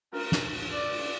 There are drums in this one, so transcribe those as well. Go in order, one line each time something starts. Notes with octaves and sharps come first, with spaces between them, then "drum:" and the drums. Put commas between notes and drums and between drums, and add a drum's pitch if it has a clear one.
A#4, drum: cymbal
drum: snare
drum: cymbal
D5
drum: cymbal